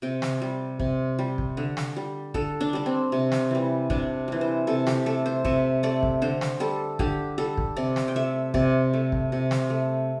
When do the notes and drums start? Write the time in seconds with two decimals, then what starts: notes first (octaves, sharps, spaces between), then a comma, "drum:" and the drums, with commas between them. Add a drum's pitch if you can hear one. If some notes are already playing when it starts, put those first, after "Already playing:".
0.02 C3 G5
0.22 drum: snare
0.42 G3
0.79 C3, drum: kick
1.19 G3
1.38 drum: kick
1.57 D3
1.77 drum: snare
1.96 G3
2.34 D3 A4, drum: kick
2.61 D4
2.73 G3 D4
2.86 C4
3.12 C3
3.32 drum: snare
3.51 E3 G3
3.90 C3 D4, drum: kick
4.28 E3 G3
4.41 C5
4.67 C3 A4
4.87 G4, drum: snare
5.06 A3 A4
5.26 C5
5.45 C3 E5, drum: kick
5.83 A3 D5
6.03 drum: kick
6.22 D3 C5
6.41 drum: snare
6.60 G3 A4
6.99 D3 G4, drum: kick
7.38 G3 A4
7.57 drum: kick
7.77 C3 D5
7.96 drum: snare
8.08 G5
8.16 A3 E5
8.54 C3 D5, drum: kick
8.93 A3
9.12 drum: kick
9.32 C3
9.51 drum: snare
9.70 A3